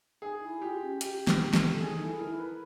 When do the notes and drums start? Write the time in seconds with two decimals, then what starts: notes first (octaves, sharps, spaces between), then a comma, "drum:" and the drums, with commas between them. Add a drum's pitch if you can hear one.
0.22 D#4 G#4
0.42 E4
0.61 F4 G4
0.81 C#4
1.01 G4, drum: hi-hat
1.27 drum: snare
1.41 G4
1.53 drum: snare
1.73 A4
1.79 D#4 G#4
2.00 E4 A4
2.14 F4
2.19 E4 A#4
2.39 B4